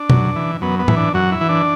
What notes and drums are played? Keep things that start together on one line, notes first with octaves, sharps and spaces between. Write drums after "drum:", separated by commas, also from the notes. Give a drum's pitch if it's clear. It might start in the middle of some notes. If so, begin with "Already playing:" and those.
Already playing: D4
F#2, drum: tom B2
E3
F#2 B3
B3
E3, drum: tom A2
D4
F#2 F#4
E4
E3
D4